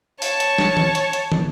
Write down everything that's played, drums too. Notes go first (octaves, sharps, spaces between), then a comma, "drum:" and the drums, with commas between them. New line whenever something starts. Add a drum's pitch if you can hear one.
C#5 A5, drum: open hi-hat
drum: hi-hat
drum: snare
drum: tom D#3
drum: hi-hat
drum: hi-hat
drum: tom